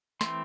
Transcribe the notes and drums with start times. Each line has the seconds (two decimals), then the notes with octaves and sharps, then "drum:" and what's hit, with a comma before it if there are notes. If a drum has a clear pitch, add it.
0.21 E3 A3 C4 C6, drum: snare